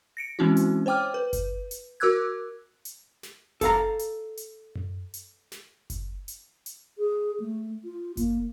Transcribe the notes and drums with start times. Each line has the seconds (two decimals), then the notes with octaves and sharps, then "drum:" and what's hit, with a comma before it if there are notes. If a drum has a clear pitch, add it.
0.17 A#6 C#7 D7
0.39 E3 G#3 C4 C#4 E4 F#4
0.57 drum: hi-hat
0.86 C5 C#5 G5 D6 F6
1.14 B4
1.33 drum: kick F#1, hi-hat
1.71 drum: hi-hat
2.00 F#4 A#4 D6 E6 F#6 G#6
2.85 drum: hi-hat
3.23 drum: snare
3.61 A4 F5 A#5, drum: kick F#1, hi-hat
3.99 drum: hi-hat
4.37 drum: hi-hat
4.75 drum: tom F#2
5.14 drum: hi-hat
5.52 drum: snare
5.90 drum: kick F#1, hi-hat
6.28 drum: hi-hat
6.66 drum: hi-hat
6.98 G#4
7.40 A3
7.85 F4
8.17 A#3, drum: kick F#1, hi-hat